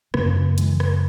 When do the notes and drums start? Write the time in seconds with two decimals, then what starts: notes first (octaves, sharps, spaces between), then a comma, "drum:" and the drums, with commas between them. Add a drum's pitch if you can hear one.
0.14 F#2 C#3 F#3 A#3, drum: rim click
0.58 E3 G#3, drum: hi-hat
0.80 drum: rim click